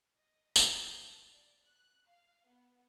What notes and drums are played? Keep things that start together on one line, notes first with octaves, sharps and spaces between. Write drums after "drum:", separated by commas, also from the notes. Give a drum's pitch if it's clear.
D#5
B6, drum: tambourine
A5
D5
F#6
F5
B3